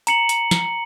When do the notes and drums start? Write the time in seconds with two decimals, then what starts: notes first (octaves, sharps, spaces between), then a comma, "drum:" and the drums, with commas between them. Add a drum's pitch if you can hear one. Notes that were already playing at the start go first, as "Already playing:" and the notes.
0.07 A#5 C#7 F#7, drum: hi-hat
0.29 drum: hi-hat
0.51 drum: snare